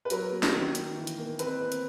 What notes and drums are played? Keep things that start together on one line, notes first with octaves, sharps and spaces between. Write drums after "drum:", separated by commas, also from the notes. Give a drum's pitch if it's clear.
B4
F#3 A#4, drum: hi-hat
A#3
drum: snare
D#3
A#3, drum: hi-hat
E3
drum: hi-hat
A#3
C4 B4, drum: hi-hat
C4
drum: hi-hat